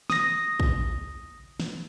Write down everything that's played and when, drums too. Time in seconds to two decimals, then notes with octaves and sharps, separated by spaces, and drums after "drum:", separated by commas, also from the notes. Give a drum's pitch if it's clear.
0.10 D#6 A#6, drum: snare
0.60 drum: kick
1.60 drum: snare